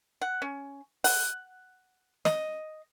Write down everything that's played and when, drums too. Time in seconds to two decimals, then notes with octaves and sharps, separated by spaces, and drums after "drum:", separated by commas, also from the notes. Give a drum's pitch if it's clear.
0.21 F#5
0.42 C#4
1.04 F#5, drum: open hi-hat
2.25 D#5, drum: snare